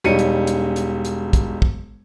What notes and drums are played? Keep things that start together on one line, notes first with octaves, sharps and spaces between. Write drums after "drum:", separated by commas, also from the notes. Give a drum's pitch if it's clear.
E1 G3 D#4 C#5 C#7 D#7
drum: hi-hat
drum: hi-hat
drum: hi-hat
drum: hi-hat
drum: kick, hi-hat
drum: kick